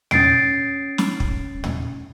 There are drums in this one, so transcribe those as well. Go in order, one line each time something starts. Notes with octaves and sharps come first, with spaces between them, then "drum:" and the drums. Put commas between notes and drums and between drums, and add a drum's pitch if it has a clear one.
C#4 A6 C7 D7, drum: tom
drum: snare
drum: kick
drum: tom